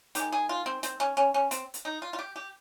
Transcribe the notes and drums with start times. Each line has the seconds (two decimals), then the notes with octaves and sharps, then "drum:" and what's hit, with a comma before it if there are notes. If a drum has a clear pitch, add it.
0.15 D#3 G#3 G4, drum: hi-hat
0.32 G#4
0.49 F4
0.66 C4
0.83 C4, drum: hi-hat
1.00 C#4
1.17 C#4
1.34 C#4
1.51 C4, drum: hi-hat
1.74 drum: hi-hat
1.85 D#4
2.02 F4
2.13 F4
2.19 G4
2.36 G4